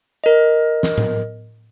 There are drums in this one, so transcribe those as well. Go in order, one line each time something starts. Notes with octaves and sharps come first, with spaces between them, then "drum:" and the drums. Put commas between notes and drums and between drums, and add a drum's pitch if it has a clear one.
A#4 D#5
drum: snare
drum: tom A2